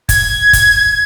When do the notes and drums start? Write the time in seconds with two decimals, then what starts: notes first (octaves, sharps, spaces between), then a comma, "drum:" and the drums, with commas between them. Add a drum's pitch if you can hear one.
0.09 G#6, drum: kick, hi-hat
0.53 drum: kick, hi-hat